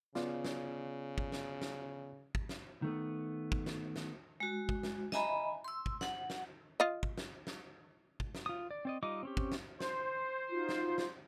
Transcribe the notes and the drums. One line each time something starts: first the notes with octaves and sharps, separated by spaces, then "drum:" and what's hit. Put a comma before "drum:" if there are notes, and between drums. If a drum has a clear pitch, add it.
C#3 B3 F4 D5, drum: snare
drum: snare
drum: kick
drum: snare
drum: snare
drum: kick
drum: snare
D#3 A3 B3
drum: kick
drum: snare
drum: snare
G#3 F#4
drum: kick
drum: snare
D#5 E5 G#5 A#5 B5, drum: snare
C6 E6
drum: kick
F#5, drum: snare
drum: snare
F4 D#5
drum: kick
drum: snare
drum: snare
drum: kick
drum: snare
F4 D#6
D5
C4 D5 D#5
G3 D#4 F4 D#5 D6
C4 C#4 G4
drum: kick
drum: snare
C5, drum: snare
D#4 F4 F#4
drum: snare
drum: snare